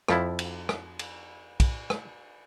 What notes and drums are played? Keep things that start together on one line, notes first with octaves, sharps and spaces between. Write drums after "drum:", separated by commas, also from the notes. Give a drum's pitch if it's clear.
F2 F3 E4, drum: rim click
drum: cymbal
drum: rim click
drum: cymbal
drum: kick, cymbal
drum: rim click